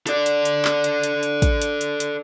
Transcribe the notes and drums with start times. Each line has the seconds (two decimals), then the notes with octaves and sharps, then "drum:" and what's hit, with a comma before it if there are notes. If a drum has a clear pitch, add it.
0.07 A4 D5, drum: hi-hat
0.26 drum: hi-hat
0.45 drum: hi-hat
0.65 drum: clap
0.84 drum: hi-hat
1.03 drum: hi-hat
1.23 drum: hi-hat
1.42 drum: kick, hi-hat
1.62 drum: hi-hat
1.81 drum: hi-hat
2.00 drum: hi-hat